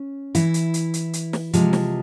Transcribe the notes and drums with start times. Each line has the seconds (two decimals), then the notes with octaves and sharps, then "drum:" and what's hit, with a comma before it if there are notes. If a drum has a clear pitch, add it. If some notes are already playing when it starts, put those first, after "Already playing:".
Already playing: C#4
0.35 E3 E4, drum: hi-hat
0.54 drum: hi-hat
0.74 drum: hi-hat
0.94 drum: hi-hat
1.13 drum: hi-hat
1.33 drum: snare
1.53 C3 F3 G#3, drum: hi-hat
1.73 drum: snare